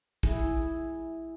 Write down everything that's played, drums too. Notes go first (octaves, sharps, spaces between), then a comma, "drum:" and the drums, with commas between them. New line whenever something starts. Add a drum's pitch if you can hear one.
E4 G#4, drum: kick